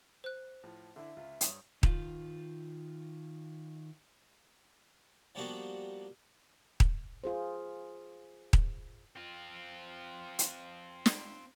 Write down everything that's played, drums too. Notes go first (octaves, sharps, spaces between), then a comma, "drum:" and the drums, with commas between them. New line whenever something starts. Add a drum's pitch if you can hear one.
C5 F#6
A2 F3
D3 E4 E5
C#2 F4
G2 C#5 D#6, drum: hi-hat
D#3 F4, drum: kick D#1
F3 G3 A#3 B3 D4 F#4
drum: kick D#1
F4 G#4 C5
drum: kick D#1
C4 F4
drum: hi-hat
drum: snare